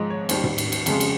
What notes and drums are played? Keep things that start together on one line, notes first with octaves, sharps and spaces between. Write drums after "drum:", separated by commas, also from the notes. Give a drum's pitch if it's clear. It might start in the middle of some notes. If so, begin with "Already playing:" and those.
Already playing: G#2 F3 G#3 D#5
C#5
D#2 D#3 G3 C5, drum: cymbal
drum: tom
drum: cymbal
drum: cymbal
F2 C#3 G#3, drum: cymbal
drum: cymbal